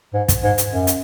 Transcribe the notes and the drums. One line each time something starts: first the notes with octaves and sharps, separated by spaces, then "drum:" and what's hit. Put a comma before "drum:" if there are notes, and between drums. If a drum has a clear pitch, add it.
G#2
drum: kick, hi-hat
G#2
drum: hi-hat
F#2
drum: hi-hat